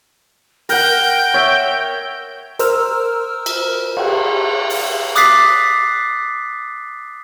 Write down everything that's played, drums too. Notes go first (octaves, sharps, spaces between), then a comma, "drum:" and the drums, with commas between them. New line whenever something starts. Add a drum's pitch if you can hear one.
A#4 F#5 G5, drum: open hi-hat
C#5 E5
A#4 C5 E6 F6, drum: hi-hat
drum: cymbal
drum: cymbal
drum: open hi-hat
D6 D#6 F#6 A6 B6 C7, drum: hi-hat